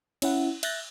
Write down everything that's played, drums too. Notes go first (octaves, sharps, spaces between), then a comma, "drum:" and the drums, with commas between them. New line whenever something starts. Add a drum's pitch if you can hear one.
C#4 E4 F#5, drum: cymbal
E5 F#6 G6 A6 A#6, drum: cymbal